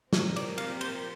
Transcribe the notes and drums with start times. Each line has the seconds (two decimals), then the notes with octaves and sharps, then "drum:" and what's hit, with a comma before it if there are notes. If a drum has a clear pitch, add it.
0.13 A#2 F3 C4 G4 A#4, drum: snare
0.36 D5, drum: cymbal
0.58 F5, drum: cymbal
0.81 C5, drum: cymbal